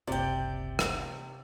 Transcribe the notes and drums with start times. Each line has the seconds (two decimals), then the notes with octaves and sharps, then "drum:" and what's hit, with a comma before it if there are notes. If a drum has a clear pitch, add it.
0.07 F#1 C#2 C3 D5 G5
0.79 drum: rim click